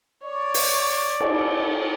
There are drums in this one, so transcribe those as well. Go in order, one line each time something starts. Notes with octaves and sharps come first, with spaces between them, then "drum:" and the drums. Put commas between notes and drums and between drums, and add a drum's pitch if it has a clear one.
C#5 D5 C#6
drum: open hi-hat
drum: cymbal